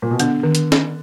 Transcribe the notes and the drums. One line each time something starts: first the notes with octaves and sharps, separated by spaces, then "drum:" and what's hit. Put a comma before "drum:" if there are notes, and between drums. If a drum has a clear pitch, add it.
A#2
B2
D3 B3, drum: hi-hat
D#3
drum: hi-hat
drum: snare